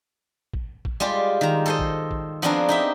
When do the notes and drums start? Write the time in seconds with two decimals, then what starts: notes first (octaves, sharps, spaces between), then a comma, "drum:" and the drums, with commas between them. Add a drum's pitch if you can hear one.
0.54 drum: kick
0.85 drum: kick
1.00 G3 G#3 F4 G4
1.41 D#3 A#5
1.66 A4 C5 D#5
1.79 drum: kick
2.11 drum: kick
2.42 F3 B3 C4 D4 G#4 A#4
2.69 D#4 G4 E5